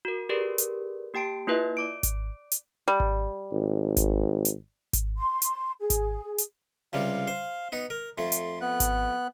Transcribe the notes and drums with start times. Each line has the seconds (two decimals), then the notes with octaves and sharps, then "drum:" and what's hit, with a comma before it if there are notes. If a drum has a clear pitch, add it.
0.05 F#4 A#4
0.29 G4 G#4 A#4 B4 D5
0.58 drum: hi-hat
1.14 A#3 G4 G5 A5 D7
1.47 A#3 E4 F4 B4 D#5 E5
1.77 D5 D6 D7
2.03 drum: kick G#1, hi-hat
2.52 drum: hi-hat
2.88 G3
3.00 drum: kick G#1
3.51 G#1
3.97 drum: kick G#1, hi-hat
4.45 drum: hi-hat
4.93 drum: kick G#1, hi-hat
5.17 C6
5.42 drum: hi-hat
5.80 G#4
5.90 drum: kick G#1, hi-hat
6.38 drum: hi-hat
6.93 C#2 C3 G3 F5
7.28 C5
7.72 B3 D#4
7.90 A#4
8.18 F2 A3 C6
8.32 drum: hi-hat
8.61 B3 F#6
8.80 drum: kick G#1, hi-hat